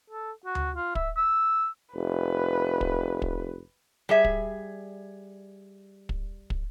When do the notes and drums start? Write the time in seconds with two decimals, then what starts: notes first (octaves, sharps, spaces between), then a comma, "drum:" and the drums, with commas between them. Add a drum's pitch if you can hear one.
0.10 A4
0.46 F#4
0.55 drum: tom D2
0.76 F4
0.95 E5, drum: kick
1.17 E6
1.95 F1 B4
2.81 drum: kick
3.22 drum: kick
4.09 G3 G#4 E5
4.24 drum: kick
6.09 drum: kick
6.50 drum: kick